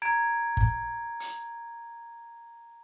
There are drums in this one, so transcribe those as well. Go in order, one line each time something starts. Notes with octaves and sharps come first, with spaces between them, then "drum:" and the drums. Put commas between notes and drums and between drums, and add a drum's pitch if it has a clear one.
A#5 G#6 D7
drum: kick G1
drum: hi-hat